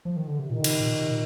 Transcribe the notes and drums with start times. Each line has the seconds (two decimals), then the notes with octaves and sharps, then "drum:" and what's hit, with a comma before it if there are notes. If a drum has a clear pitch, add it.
0.05 F3
0.17 D#3
0.28 D3
0.39 C3
0.50 A#2 D#3
0.60 D3
0.64 C3, drum: cymbal
0.80 A#2
0.94 C3
1.09 A#2